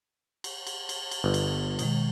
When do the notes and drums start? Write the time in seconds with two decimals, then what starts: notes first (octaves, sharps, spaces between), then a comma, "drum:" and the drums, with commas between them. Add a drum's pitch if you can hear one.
0.44 drum: cymbal
0.67 drum: cymbal
0.89 drum: cymbal
1.11 drum: cymbal
1.24 G1
1.34 drum: cymbal
1.79 B2 D#3 G#3, drum: cymbal